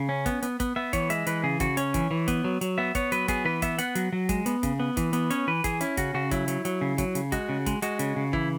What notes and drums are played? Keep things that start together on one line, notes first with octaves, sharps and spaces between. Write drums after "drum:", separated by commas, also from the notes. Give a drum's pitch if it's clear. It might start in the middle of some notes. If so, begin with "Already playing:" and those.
Already playing: C#3
C#4
B3, drum: kick, hi-hat
B3, drum: hi-hat
B3, drum: kick, hi-hat
B3 E5
E3 C#5, drum: kick, hi-hat
G#3 E5, drum: hi-hat
E3 B4, drum: hi-hat
C#3 G#4
C#3 F#4, drum: kick, hi-hat
C#4 C#5, drum: hi-hat
E3, drum: kick, hi-hat
E3
B3, drum: kick, hi-hat
F#3
F#3, drum: hi-hat
B3 E5
B3 C#5, drum: kick, hi-hat
F#3 B4, drum: hi-hat
B3 G#4, drum: kick, hi-hat
E3 B4
B3 E5, drum: kick, hi-hat
B3 F#5, drum: hi-hat
F#3, drum: hi-hat
F#3
G#3, drum: kick, hi-hat
B3, drum: hi-hat
C#3, drum: kick, hi-hat
B3
E3, drum: kick, hi-hat
B3, drum: hi-hat
C#4 C#5, drum: hi-hat
E3 B4
E3 G#4, drum: kick, hi-hat
C#4 E4, drum: hi-hat
C#3 F#4, drum: kick, hi-hat
C#3 F#4
F#3 E4, drum: kick, hi-hat
F#3, drum: hi-hat
F#3, drum: hi-hat
C#3
F#3, drum: kick, hi-hat
C#3, drum: hi-hat
G#3 F#4, drum: kick, hi-hat
C#3
G#3, drum: kick, hi-hat
G#3 F#4, drum: hi-hat
C#3, drum: hi-hat
C#3
E3 E4, drum: kick